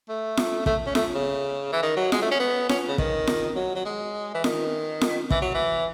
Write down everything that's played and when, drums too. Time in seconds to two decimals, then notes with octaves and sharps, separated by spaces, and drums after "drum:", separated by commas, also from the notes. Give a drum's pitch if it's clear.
0.09 A3
0.37 drum: snare F4
0.66 A3, drum: kick
0.86 C#4
0.95 A3, drum: snare F4
1.15 C#3
1.72 E3
1.83 D#3
1.97 F#3
2.12 G#3, drum: snare F4
2.22 A3
2.31 C#4
2.40 B3
2.69 C#4, drum: snare F4
2.88 C#3
2.98 D#3, drum: kick
3.27 drum: snare F4
3.56 F#3
3.75 F#3
3.85 G#3
4.34 E3
4.44 D#3, drum: snare F4
5.01 drum: snare F4
5.31 E3, drum: kick
5.42 F#3
5.54 E3